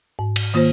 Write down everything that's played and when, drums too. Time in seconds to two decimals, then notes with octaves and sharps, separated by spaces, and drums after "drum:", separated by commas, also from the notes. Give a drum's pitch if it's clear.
0.19 G#2
0.36 drum: cymbal
0.54 D#3 A#3 F4 C5